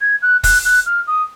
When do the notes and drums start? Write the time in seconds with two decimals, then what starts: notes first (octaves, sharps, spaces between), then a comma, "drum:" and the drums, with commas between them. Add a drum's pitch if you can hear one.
0.01 G#6
0.22 F#6
0.44 F#6, drum: kick, open hi-hat
0.65 F#6
0.86 F6
1.07 D#6